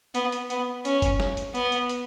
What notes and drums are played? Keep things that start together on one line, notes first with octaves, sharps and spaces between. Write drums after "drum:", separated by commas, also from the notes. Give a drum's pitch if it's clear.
B3, drum: hi-hat
drum: hi-hat
B3, drum: hi-hat
C#4, drum: hi-hat
drum: kick F#1, hi-hat
drum: snare
drum: hi-hat
B3, drum: hi-hat
drum: hi-hat
drum: hi-hat